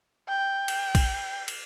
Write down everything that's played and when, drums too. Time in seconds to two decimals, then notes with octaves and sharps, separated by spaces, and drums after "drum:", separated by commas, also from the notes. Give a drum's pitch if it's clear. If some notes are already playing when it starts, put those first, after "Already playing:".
0.28 G5
0.68 drum: cymbal
0.95 drum: kick, cymbal
1.48 drum: cymbal